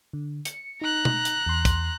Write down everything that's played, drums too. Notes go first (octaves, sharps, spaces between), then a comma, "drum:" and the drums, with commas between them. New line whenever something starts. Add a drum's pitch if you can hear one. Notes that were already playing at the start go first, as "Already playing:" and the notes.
D3
C#7, drum: hi-hat
D#4 A#5 F#6
drum: tom
drum: hi-hat
E2 C6
drum: kick, hi-hat